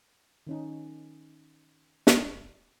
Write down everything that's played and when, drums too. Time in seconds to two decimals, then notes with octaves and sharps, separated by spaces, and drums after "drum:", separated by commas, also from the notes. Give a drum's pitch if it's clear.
0.47 D#3 C#4 D#4
2.07 drum: snare